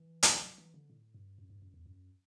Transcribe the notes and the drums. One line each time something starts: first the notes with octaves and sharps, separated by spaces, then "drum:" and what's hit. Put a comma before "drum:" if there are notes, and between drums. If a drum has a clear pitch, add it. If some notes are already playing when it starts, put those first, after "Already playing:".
Already playing: E3
drum: hi-hat
F#3
E3
D3
A2
G2
F#2
G2
F#2
E2
F#2